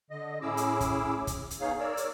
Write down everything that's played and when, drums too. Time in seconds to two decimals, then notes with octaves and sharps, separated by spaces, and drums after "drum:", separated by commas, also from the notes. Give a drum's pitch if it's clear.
0.11 D3 D#5
0.42 A2 C#4 E4 G#4 D6 E6
0.57 drum: hi-hat
0.81 drum: kick, hi-hat
1.27 drum: kick, hi-hat
1.51 drum: hi-hat
1.60 B3 D#4 G#4 C#5 F5
1.79 A#4 C#5 D5 E6
1.97 drum: hi-hat